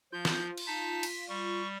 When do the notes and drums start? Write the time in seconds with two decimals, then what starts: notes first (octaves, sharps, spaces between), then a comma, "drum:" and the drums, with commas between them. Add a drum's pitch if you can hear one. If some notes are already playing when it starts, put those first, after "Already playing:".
0.12 F3 F4 G6
0.25 drum: snare
0.58 drum: cymbal
0.67 D#4 A5 B6
1.03 drum: cymbal
1.29 G3 C#6